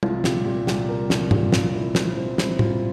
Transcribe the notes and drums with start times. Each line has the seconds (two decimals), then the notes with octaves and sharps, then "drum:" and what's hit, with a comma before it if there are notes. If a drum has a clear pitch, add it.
0.03 C2 F4, drum: tom G3
0.24 A#2 G4, drum: snare
0.45 A#2 G4
0.67 C2 G4, drum: snare
0.89 C2 A#4
1.10 C2, drum: snare
1.31 A#2 G4, drum: tom G2
1.52 C2 F4, drum: snare
1.74 C2 E4
1.95 C2 C4, drum: snare
2.17 C2 C4
2.38 C2 E4, drum: snare
2.59 C2 F4, drum: tom A2